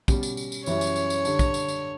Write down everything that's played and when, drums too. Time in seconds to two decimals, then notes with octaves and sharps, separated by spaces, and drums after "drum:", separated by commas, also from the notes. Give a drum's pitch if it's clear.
0.08 B2 G3 C#4, drum: kick, tambourine
0.23 drum: tambourine
0.37 drum: tambourine
0.52 drum: tambourine
0.66 F#2 E3 G3 C#4 E4 C#5, drum: tambourine
0.81 drum: tambourine
0.96 drum: tambourine
1.10 drum: tambourine
1.25 D3 G3 D4, drum: tambourine
1.39 drum: kick, tambourine
1.54 drum: tambourine
1.68 drum: tambourine